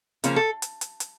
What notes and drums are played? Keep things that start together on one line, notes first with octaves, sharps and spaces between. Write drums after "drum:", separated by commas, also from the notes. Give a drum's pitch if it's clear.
C#3 F3 A#3 C#4, drum: hi-hat
A4
drum: hi-hat
drum: hi-hat
drum: hi-hat